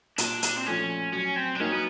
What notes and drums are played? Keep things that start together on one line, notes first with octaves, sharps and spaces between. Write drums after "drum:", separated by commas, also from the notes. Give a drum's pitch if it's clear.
A#2 D4, drum: hi-hat
drum: hi-hat
C4
F3 A3 C#4 D4
F#3 C#4
C4
D4
A#3 C#4 D#4 F#4
B3